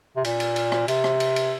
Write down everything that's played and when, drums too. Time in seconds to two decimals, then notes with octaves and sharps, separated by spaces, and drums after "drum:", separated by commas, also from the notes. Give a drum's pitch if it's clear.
0.16 C3
0.25 A#2, drum: cymbal
0.40 drum: cymbal
0.56 drum: cymbal
0.72 drum: rim click
0.88 C3, drum: cymbal
1.04 drum: rim click
1.20 drum: cymbal
1.36 drum: cymbal